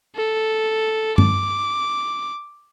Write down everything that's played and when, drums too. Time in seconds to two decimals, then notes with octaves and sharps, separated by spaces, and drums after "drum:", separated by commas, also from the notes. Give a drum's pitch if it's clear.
0.16 A4
1.18 D6, drum: tom G2